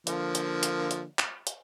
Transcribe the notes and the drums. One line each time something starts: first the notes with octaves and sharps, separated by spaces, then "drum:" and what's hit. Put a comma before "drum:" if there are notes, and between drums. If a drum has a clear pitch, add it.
D3 F3 A#3, drum: hi-hat
drum: hi-hat
drum: hi-hat
drum: hi-hat
drum: clap
drum: hi-hat